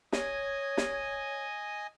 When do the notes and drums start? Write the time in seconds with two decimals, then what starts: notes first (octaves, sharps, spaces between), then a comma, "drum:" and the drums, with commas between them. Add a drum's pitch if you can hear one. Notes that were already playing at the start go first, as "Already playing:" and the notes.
0.13 C#5 D#5 G#5, drum: snare
0.77 drum: snare